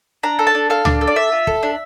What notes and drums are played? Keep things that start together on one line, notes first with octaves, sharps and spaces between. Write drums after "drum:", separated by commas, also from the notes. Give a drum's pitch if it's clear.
D4 A#5
A4
A5
D4
A4 F5
D4, drum: tom C#2
A4
D5
D4 E5
F4
A4, drum: kick
D4